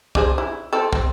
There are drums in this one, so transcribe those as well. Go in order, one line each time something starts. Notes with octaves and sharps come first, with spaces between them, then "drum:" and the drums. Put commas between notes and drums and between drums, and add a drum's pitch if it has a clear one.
D4 G#4 C5, drum: kick
E4
C4 A4
C4, drum: kick